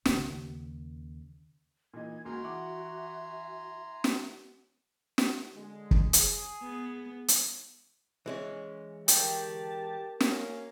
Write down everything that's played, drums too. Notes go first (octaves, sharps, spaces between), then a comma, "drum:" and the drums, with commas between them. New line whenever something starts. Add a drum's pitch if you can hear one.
D#2 C#3, drum: snare
A#2 E3 D#4 G#6
C#2 A#3 F#4 G#5 A#5 C6
E3 E5 F#5 D6
drum: snare
drum: snare
D3 G#3
drum: kick
G#4, drum: hi-hat
B3
drum: hi-hat
E3 G#3 C#4
G4 A#4 G5 A5, drum: hi-hat
A#3 C#4, drum: snare